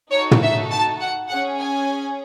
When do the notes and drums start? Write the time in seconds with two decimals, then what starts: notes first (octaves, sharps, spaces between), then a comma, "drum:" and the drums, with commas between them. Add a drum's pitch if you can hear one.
0.11 D#4 F#4 A4 C#5
0.31 drum: tom
0.42 E5
0.71 A5
1.00 F#5
1.29 C#4 G#4 F#5
1.60 G#5